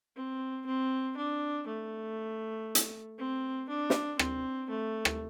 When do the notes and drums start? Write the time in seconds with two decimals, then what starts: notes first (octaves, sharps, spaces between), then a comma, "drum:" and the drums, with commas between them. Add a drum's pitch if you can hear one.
0.16 C4
0.66 C4
1.17 D4
1.67 A3
2.75 drum: hi-hat
3.18 C4
3.69 D4
3.90 drum: snare
4.19 C4, drum: rim click
4.70 A3
5.05 drum: rim click